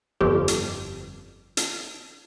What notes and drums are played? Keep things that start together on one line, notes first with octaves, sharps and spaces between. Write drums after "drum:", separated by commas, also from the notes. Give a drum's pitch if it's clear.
G1 F2 G4
drum: hi-hat
drum: hi-hat